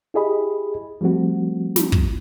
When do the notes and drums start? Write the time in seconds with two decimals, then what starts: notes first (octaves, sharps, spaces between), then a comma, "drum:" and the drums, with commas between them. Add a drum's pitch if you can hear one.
0.14 E4 G4 G#4 D#5 B5
1.01 F3 G3 A3 C4 F#4
1.76 drum: snare
1.92 drum: kick